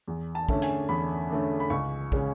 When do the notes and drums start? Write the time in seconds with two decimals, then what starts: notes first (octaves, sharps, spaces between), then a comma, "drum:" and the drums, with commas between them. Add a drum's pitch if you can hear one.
0.08 E2
0.35 A5
0.49 D3 A3 C#4, drum: kick
0.62 G#5, drum: hi-hat
0.89 E2 B5
1.30 D3 A3 C#4
1.60 B5
1.70 C#2 C#6
2.12 C#3 G#3 C#4, drum: kick